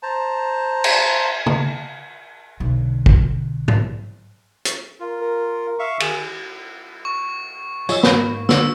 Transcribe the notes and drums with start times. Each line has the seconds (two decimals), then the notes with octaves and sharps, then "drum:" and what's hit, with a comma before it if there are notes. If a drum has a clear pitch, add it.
0.03 C5 A5 A#5
0.84 drum: cymbal
1.46 drum: tom C#3
2.60 B1 D3
3.06 drum: kick
3.68 drum: tom
4.65 drum: hi-hat
5.00 F4 A#4
5.21 A#4
5.79 E5 F5 C#6
6.00 D#3 G#4, drum: cymbal
7.05 C#6
7.89 F#3 F4 G#4 C#5 D#5 E6, drum: tambourine
8.03 G#2 A#3 B5, drum: snare
8.49 D3 E6, drum: snare